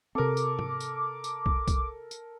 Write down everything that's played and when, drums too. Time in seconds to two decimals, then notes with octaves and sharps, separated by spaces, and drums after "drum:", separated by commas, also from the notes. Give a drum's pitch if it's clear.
0.15 C3 C4 A4 A#4 D6
0.37 drum: tambourine
0.59 drum: tom G#2
0.80 drum: tambourine
1.24 drum: tambourine
1.46 drum: kick
1.68 drum: kick, tambourine
2.11 drum: tambourine